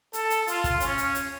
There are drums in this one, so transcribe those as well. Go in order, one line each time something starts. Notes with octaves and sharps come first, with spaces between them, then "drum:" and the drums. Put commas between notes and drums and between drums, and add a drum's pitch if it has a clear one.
A4, drum: hi-hat
drum: hi-hat
F4, drum: hi-hat
drum: kick, hi-hat
C#4, drum: hi-hat
drum: hi-hat
drum: hi-hat